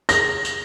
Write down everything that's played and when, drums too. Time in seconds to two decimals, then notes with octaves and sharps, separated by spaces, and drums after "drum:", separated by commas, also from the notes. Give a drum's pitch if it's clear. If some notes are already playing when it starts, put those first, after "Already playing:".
0.09 A#6, drum: tambourine
0.45 drum: tambourine